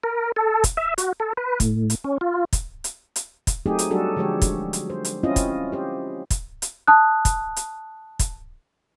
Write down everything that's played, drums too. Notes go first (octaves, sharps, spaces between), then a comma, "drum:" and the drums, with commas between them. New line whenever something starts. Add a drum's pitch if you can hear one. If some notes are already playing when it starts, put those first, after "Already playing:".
A#4
A4
drum: kick, hi-hat
E5
F#4, drum: hi-hat
A4
B4
A2, drum: kick, hi-hat
drum: hi-hat
C#4
F4
drum: kick, hi-hat
drum: hi-hat
drum: hi-hat
drum: kick, hi-hat
F#3 A3 C4 D#4 G4 G#4
drum: hi-hat
F#3 G3 D4 F#4 G#4 A4
D3 F3 G#3 G4 C#5
drum: kick, hi-hat
drum: hi-hat
C5
drum: hi-hat
C4 C#4 E4 F4 D#5
drum: kick, hi-hat
G4 C5
drum: kick, hi-hat
drum: hi-hat
A5 D#6 F#6
drum: kick, hi-hat
drum: hi-hat
drum: kick, hi-hat